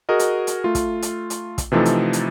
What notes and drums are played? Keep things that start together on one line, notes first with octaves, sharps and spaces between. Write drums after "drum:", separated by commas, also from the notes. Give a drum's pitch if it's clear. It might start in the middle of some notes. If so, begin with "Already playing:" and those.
F#4 G#4 A#4 D#5
drum: hi-hat
drum: hi-hat
A3 F4
drum: kick, hi-hat
drum: hi-hat
drum: hi-hat
drum: kick, hi-hat
C3 E3 F3 A3 D#4 A4
drum: hi-hat
drum: hi-hat